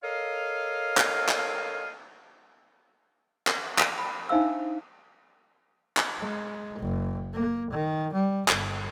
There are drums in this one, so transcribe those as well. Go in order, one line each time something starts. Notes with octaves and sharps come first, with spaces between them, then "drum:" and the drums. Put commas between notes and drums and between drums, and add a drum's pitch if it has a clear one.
A4 A#4 C#5 D#5 F5
drum: clap
drum: clap
drum: clap
drum: clap
B5
D4 D#4 C5 E5 F5 E6
drum: clap
G#3
F#1
A#3
D#3
G3
G1, drum: clap